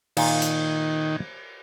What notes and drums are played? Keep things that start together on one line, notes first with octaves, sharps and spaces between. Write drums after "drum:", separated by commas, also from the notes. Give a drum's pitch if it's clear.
A#2 D#3, drum: cymbal
drum: hi-hat